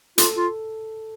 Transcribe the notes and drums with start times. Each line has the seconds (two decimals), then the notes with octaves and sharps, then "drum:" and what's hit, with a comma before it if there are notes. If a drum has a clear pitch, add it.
0.18 F4 A4, drum: hi-hat
0.36 F4